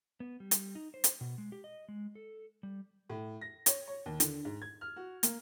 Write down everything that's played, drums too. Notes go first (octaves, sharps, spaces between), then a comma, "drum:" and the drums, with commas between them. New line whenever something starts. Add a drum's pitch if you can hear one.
B3
G3
drum: hi-hat
D#4
C5
drum: hi-hat
B2
G#3
G4
D#5
G#3
A4
G3
A2
A#6
C#5, drum: hi-hat
C#5
D#2
D3, drum: hi-hat
G#2
G#6
F6
F#4
A#3, drum: hi-hat